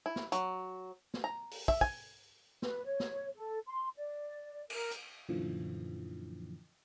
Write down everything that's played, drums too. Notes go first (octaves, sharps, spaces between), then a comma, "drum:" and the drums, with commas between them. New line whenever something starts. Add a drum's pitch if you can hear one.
E4
drum: snare
F#3, drum: hi-hat
drum: snare
A#5
drum: open hi-hat
E5, drum: kick
G#5, drum: kick
B4, drum: snare
C#5
drum: snare
A4
C6
D5
A#4, drum: cymbal
drum: hi-hat
F#2 A#2 D3 E3 F3